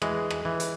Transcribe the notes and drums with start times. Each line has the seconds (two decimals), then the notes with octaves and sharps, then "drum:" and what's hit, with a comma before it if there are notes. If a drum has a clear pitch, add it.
0.02 E3 G#3, drum: rim click
0.30 drum: rim click
0.45 E3
0.60 drum: hi-hat